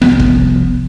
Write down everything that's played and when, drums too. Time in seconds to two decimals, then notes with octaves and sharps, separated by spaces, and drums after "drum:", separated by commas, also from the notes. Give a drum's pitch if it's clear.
0.02 C2 F3 B3, drum: rim click
0.20 drum: kick